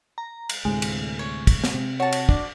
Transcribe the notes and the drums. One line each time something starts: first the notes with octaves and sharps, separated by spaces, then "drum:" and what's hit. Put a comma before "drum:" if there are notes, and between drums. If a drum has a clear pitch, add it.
A#5
drum: cymbal
D2 A2 C3 G#3
drum: cymbal
C#5
drum: kick, cymbal
drum: snare
C3 C4
F#4 C#5 A5
drum: cymbal
D4, drum: kick